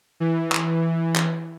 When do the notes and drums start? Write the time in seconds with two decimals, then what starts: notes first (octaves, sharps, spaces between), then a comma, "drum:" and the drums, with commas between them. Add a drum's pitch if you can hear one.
0.20 E3
0.52 drum: clap
1.16 drum: clap